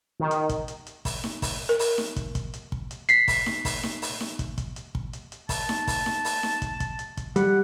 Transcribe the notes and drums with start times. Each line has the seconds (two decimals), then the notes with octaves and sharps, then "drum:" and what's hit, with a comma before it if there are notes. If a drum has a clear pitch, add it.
0.20 D#3
0.31 drum: hi-hat
0.49 drum: kick, hi-hat
0.68 drum: hi-hat
0.87 drum: hi-hat
1.05 drum: kick, open hi-hat
1.24 drum: snare D#4
1.42 drum: kick, open hi-hat
1.69 A#4
1.79 drum: open hi-hat
1.98 drum: snare D#4
2.16 drum: kick, hi-hat
2.35 drum: kick, hi-hat
2.54 drum: hi-hat
2.72 drum: kick
2.91 drum: hi-hat
3.09 B6 C7, drum: hi-hat
3.28 drum: kick, open hi-hat
3.46 drum: snare D#4
3.65 drum: kick, open hi-hat
3.83 drum: snare D#4
4.02 drum: open hi-hat
4.20 drum: snare D#4
4.39 drum: kick, hi-hat
4.58 drum: kick, hi-hat
4.76 drum: hi-hat
4.95 drum: kick
5.13 drum: hi-hat
5.32 drum: hi-hat
5.49 A5, drum: kick, open hi-hat
5.69 drum: snare D#4
5.87 drum: kick, open hi-hat
6.06 drum: snare D#4
6.25 drum: open hi-hat
6.43 drum: snare D#4
6.62 drum: kick, hi-hat
6.80 drum: kick, hi-hat
6.99 drum: hi-hat
7.17 drum: kick, hi-hat
7.36 G3 F#5, drum: hi-hat